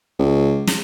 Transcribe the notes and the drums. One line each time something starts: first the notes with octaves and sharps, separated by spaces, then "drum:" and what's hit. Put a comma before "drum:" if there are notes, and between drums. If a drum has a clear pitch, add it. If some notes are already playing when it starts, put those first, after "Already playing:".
C#2
drum: snare